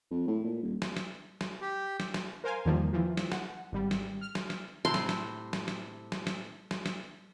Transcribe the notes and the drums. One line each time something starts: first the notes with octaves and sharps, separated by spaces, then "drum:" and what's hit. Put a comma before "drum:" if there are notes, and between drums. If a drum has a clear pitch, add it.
F2
A2
A#2
D#1
drum: snare
drum: snare
drum: snare
G4
drum: snare
drum: snare
A#4 C5 F5 G#5
E2 D#3 F3 G3 A#3
E3 F3
drum: snare
F#5, drum: snare
G#1 G3
drum: snare
F6
drum: snare
drum: snare
A2 C3 C6
drum: snare
drum: snare
drum: snare
drum: snare
drum: snare
drum: snare
drum: snare
drum: snare